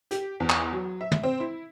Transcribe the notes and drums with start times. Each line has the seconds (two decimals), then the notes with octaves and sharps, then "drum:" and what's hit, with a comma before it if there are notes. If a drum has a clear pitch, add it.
0.11 G4, drum: hi-hat
0.40 E2
0.50 drum: clap
0.73 F#3
1.01 E5
1.11 drum: tom
1.23 C4
1.40 E4